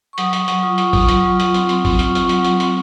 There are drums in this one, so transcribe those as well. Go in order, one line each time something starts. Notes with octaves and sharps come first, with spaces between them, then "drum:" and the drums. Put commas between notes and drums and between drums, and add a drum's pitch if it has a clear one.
C#6
F#3 D#6, drum: hi-hat
F#3 C#6, drum: hi-hat
F#3 C#6, drum: hi-hat
F4 D#6
F#3 C#6, drum: hi-hat
D#6
F4 C#6, drum: kick G#1, open hi-hat
F#3, drum: hi-hat
F4
F#3, drum: hi-hat
C4, drum: hi-hat
C4, drum: hi-hat
C4, drum: kick G#1, open hi-hat
F4 C#6, drum: hi-hat
F4, drum: hi-hat
F#3, drum: hi-hat
F#3, drum: hi-hat
C4, drum: hi-hat